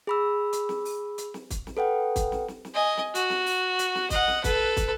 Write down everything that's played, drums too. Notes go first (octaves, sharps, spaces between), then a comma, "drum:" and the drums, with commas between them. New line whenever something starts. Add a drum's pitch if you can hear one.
G#4 B5 E6
drum: hi-hat
drum: snare
drum: open hi-hat
drum: hi-hat
drum: snare
drum: kick, hi-hat
drum: snare
A4 B4 F#5 G5
drum: kick, hi-hat
drum: snare
drum: snare
drum: snare
D#5 G#5
drum: snare
F#4, drum: hi-hat
drum: snare
drum: open hi-hat
drum: hi-hat
drum: snare
D#5 F#5, drum: kick, hi-hat
drum: snare
A4 B4, drum: kick, hi-hat
drum: kick, hi-hat